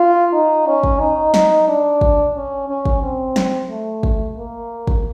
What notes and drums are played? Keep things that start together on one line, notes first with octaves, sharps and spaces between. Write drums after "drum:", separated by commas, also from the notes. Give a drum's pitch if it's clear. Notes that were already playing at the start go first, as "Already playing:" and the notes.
Already playing: F4
D#4
C#4
drum: kick
D#4
D#4, drum: snare
D4
drum: kick
C#4
C#4
drum: kick
C4
drum: snare
A3
drum: kick
A#3
drum: kick